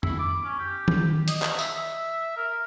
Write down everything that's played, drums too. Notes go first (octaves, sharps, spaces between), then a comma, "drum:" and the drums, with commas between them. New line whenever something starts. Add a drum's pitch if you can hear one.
E4, drum: tom F2
D6
C#4
G4
drum: tom D#3
D#5, drum: hi-hat
drum: clap
E5, drum: tambourine
A#4